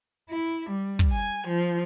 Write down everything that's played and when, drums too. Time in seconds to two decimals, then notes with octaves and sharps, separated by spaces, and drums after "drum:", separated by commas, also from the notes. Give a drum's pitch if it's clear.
0.30 E4
0.69 G3
0.99 drum: kick
1.13 G#5
1.47 F3